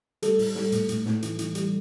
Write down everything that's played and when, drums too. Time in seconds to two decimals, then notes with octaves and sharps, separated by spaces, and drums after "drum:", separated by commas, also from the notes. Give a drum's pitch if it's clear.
0.22 G3 A3 A4, drum: hi-hat
0.39 A2, drum: open hi-hat
0.55 G3, drum: snare
0.72 A2, drum: hi-hat
0.89 A2, drum: hi-hat
1.06 A2, drum: snare
1.22 E3, drum: hi-hat
1.39 E3, drum: hi-hat
1.55 G3, drum: hi-hat